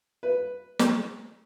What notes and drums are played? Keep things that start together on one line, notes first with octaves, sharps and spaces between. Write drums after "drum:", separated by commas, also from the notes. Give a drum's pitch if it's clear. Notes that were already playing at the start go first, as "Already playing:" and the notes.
B4
drum: snare